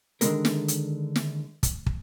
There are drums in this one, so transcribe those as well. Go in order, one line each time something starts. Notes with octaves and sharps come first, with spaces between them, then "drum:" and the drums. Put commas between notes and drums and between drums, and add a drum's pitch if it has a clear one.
D3 D#3 F3 G#3 A#3 A#4, drum: hi-hat
drum: snare
drum: hi-hat
drum: snare
drum: kick, hi-hat
drum: kick